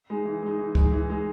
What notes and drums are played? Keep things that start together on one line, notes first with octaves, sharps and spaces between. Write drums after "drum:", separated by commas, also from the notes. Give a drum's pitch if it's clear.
G#3 D#4
E3
G#3 D#4
E3
G#3 D#4, drum: kick C#2
E3
G#3 D#4